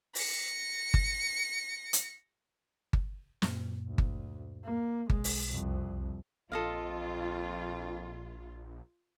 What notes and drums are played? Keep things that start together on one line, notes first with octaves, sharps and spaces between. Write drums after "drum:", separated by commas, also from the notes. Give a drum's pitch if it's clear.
A#6 C#7, drum: open hi-hat
drum: kick G1
drum: hi-hat
drum: kick G1
F#2 A#2, drum: snare
D2
drum: kick G1
A#3
B1 G#3, drum: kick G1
drum: open hi-hat
C2 F2
A#1 F2 F4 A4 D#5 F5